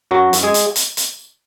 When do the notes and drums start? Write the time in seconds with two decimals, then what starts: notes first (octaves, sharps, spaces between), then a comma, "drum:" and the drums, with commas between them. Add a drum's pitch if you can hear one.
0.11 F#2 F#3 F#4
0.33 F#2, drum: hi-hat
0.43 G#3 G#4
0.54 drum: hi-hat
0.76 drum: hi-hat
0.97 drum: hi-hat